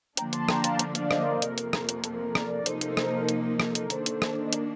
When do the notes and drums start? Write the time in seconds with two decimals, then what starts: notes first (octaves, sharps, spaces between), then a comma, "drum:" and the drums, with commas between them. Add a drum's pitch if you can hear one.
0.17 D3 F3 A#3 D4 G5 A#5, drum: hi-hat
0.33 A5 C6, drum: hi-hat
0.49 G5 A#5, drum: rim click
0.64 F5 A5, drum: hi-hat
0.79 D5 F5, drum: hi-hat
0.95 D5 F5, drum: hi-hat
1.11 C5 D#5, drum: rim click
1.21 A#4 D5
1.32 A#4
1.42 F2 C3 F3 A#3 A#4, drum: hi-hat
1.58 drum: hi-hat
1.73 drum: rim click
1.89 drum: hi-hat
2.04 A4, drum: hi-hat
2.14 A#4
2.35 A#4 D5, drum: rim click
2.59 D5
2.66 C3 F3 A#3 D#4 A4 C5, drum: hi-hat
2.81 A4 C5, drum: hi-hat
2.97 A#4, drum: rim click
3.29 drum: hi-hat
3.60 A4, drum: rim click
3.75 A#4, drum: hi-hat
3.90 D#3 A#3 D4 A4 C5, drum: hi-hat
4.06 drum: hi-hat
4.22 drum: rim click
4.46 D#5
4.53 A#4 D5, drum: hi-hat